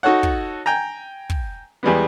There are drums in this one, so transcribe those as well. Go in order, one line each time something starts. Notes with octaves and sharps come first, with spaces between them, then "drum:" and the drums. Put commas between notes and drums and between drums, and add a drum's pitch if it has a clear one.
D#4 F#4 A4 C#5 F#5
drum: kick
G5 G#5 A#5
drum: kick
E2 G3 G#3 B3